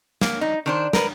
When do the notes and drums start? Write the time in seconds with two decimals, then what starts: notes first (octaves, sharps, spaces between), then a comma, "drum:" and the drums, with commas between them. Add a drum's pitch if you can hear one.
0.21 A#3, drum: snare
0.41 D#4
0.66 D#3 D4 C5
0.93 A#4 B4, drum: snare